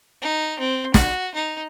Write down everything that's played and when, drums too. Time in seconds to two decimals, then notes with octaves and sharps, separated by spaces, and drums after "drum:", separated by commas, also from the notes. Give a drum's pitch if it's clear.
0.22 D#4
0.59 C4
0.94 F#4, drum: snare
1.35 D#4